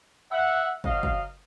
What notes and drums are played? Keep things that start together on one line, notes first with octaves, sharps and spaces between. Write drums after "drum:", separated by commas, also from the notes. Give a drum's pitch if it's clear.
E5 F#5
B2 F#3 D#5 F5, drum: kick
drum: kick